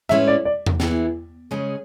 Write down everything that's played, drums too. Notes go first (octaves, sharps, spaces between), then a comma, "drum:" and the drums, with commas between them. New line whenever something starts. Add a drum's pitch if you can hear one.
A2 G#3 C#4 E4 B4 E5
D5
D5
drum: tom E2
E3 B3 E4 G#4, drum: snare
C#3 G#3 C#4 G#4